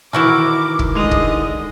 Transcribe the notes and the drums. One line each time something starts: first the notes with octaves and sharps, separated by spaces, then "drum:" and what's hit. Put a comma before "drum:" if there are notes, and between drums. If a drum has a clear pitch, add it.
D#3 E3 E4 F#4 A#4 D6
drum: kick
D3 G#3 D#5 F7
drum: kick